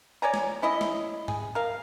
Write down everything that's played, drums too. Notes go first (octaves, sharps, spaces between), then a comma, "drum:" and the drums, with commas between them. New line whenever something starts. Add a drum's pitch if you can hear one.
C#5 D5 G#5 A#5
drum: snare
C#4 E4 D#5
drum: snare
G#4, drum: tom G#2
A#4 F5